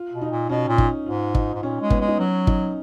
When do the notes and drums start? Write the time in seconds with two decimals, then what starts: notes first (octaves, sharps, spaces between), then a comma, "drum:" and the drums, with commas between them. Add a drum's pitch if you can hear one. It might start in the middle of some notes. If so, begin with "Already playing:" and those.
Already playing: F4
0.13 B2
0.22 D#4
0.31 A#2
0.49 B2 C#4
0.68 A#2
0.78 D#4, drum: kick
1.06 G#2 F4
1.35 D#4, drum: kick
1.54 G#2
1.63 A#2 C#4
1.81 G#3
1.90 B3, drum: kick
2.00 G#3
2.08 D#4
2.19 F#3 C#4
2.47 D#4, drum: kick